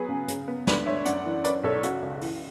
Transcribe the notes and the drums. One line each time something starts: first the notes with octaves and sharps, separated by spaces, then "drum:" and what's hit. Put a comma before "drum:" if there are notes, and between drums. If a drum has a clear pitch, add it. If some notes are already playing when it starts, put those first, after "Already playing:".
Already playing: F#3 B3 G#4 B4
C#3
C#3, drum: hi-hat
B3
D2 B4 D5, drum: snare
D2 C#5 E5
F#2 D5 F#5, drum: hi-hat
E3
C#4 B4 D5, drum: hi-hat
B1 A4 C#5
C#3 F#4, drum: hi-hat
C#2
E3, drum: open hi-hat